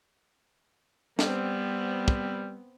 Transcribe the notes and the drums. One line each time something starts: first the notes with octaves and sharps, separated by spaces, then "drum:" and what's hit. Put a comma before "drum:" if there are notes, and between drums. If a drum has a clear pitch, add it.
G3 B3 C4, drum: snare
drum: kick